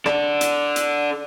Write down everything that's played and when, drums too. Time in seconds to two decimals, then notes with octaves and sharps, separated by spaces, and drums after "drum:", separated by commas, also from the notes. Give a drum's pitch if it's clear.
0.06 D4 A4, drum: rim click
0.41 drum: hi-hat
0.76 drum: hi-hat